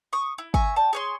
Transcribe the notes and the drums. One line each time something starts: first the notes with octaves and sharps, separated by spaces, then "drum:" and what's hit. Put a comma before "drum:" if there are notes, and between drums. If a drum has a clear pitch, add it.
C#6 D#6
E4
E5 G#5 A#5 C#6, drum: kick
D5 G5 A5
G#4 C#5 C6